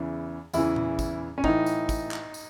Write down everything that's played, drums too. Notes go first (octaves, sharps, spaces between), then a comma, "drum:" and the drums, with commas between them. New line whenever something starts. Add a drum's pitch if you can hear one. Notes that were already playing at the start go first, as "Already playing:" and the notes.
Already playing: E2 C#3 E3
E2 C#3 E3 E4, drum: tambourine
drum: tom A#2
drum: kick, tambourine
C#4
A2 E3 D#4, drum: kick
drum: tambourine
drum: kick, tambourine
drum: clap
drum: tambourine